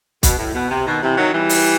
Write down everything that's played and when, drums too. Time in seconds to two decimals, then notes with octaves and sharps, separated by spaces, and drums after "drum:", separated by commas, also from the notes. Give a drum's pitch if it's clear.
0.23 B2, drum: kick B1, hi-hat
0.38 A2
0.54 B2
0.70 C3
0.87 B2 D#3
1.02 C3 E3
1.18 D#3 F#3
1.33 E3 G3
1.49 drum: open hi-hat